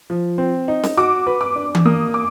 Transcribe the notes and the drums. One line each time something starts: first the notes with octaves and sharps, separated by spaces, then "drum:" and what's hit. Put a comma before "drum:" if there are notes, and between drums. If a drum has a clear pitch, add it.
F3
C4
D#4
drum: snare C#4
F#4 D6
B4
D6
D4
drum: tom E3
A#3 D#6
D6